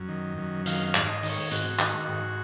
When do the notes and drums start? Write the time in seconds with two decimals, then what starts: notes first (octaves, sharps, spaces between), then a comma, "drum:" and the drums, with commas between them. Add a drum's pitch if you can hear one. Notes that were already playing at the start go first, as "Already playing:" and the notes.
Already playing: F#2
0.08 D#3
0.38 F#2
0.66 D#3 F5, drum: hi-hat
0.87 F5
0.95 G#2, drum: clap
1.08 D#5
1.23 D#3, drum: open hi-hat
1.30 C#5
1.51 G#2 F#4, drum: hi-hat
1.79 D#3, drum: clap
2.08 G#2